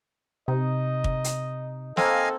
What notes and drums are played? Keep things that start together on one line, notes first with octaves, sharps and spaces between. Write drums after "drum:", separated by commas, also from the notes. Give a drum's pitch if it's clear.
C3 D#4 D#5
drum: kick
drum: hi-hat
A#3 C4 A4 D#5 F5 G#5, drum: snare